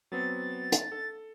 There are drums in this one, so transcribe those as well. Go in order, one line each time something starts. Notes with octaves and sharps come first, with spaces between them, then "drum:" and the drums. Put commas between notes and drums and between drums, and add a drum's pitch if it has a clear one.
F#3 B3 C4 A6
drum: hi-hat
A4